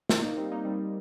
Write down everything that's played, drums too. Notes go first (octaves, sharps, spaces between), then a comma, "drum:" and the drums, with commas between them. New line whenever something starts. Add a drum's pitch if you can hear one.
C4 F4, drum: snare
A#3 D#4
G3 C4
A#3 D#4
G3 C4